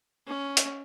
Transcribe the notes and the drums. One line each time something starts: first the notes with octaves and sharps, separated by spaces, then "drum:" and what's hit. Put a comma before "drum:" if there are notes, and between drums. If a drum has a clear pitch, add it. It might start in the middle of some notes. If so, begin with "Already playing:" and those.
C#4
drum: hi-hat